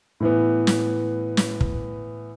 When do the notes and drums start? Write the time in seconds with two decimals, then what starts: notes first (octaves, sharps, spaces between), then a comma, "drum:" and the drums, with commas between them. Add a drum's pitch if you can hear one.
0.20 A2 E3 B3
0.67 drum: snare
1.37 drum: snare
1.61 drum: kick